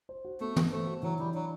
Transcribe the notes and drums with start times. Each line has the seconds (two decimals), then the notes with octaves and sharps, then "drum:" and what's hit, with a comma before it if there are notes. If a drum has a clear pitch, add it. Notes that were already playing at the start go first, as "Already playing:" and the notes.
0.09 C5
0.25 F#4
0.40 A3 B3
0.56 B3, drum: tom
0.72 A3 C5
0.87 F#4
1.03 E3 F#3
1.19 E3 G3
1.34 F#3 D4